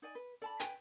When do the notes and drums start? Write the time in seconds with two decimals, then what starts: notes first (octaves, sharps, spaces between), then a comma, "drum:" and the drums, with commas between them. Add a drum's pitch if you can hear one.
0.02 D#4 D5 G#5
0.15 B4
0.42 A4 D5 A5 B5
0.60 B4 G5 G#5, drum: hi-hat